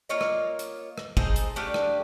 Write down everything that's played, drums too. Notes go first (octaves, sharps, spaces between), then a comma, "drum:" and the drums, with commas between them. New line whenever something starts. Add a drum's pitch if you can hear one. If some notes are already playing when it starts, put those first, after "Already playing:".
A#3 F4 C#5 D#5
drum: rim click
drum: hi-hat
drum: rim click
D#4 G#4 A4 C5, drum: kick
drum: hi-hat
A3 D4 G4 F5
drum: rim click